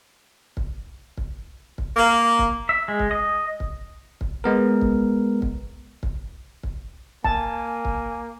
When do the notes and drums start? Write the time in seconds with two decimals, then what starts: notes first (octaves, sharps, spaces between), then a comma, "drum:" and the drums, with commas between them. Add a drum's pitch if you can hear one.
0.57 drum: kick
1.17 drum: kick
1.78 drum: kick
1.97 A#3
2.39 drum: kick
2.69 E5
2.88 G#3
2.99 drum: kick
3.11 D#5
3.60 drum: kick
4.21 drum: kick
4.44 G#3 B3 A#4
4.81 drum: kick
5.42 drum: kick
6.03 drum: kick
6.63 drum: kick
7.25 A#3 G#5 A5, drum: kick
7.85 drum: kick